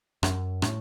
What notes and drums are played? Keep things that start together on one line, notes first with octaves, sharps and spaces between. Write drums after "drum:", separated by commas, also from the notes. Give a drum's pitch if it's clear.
F#2, drum: rim click
A2, drum: rim click